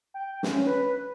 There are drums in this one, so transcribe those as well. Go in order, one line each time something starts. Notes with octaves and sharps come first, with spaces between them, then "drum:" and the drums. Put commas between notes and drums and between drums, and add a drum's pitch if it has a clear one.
G5
C#4, drum: snare
B4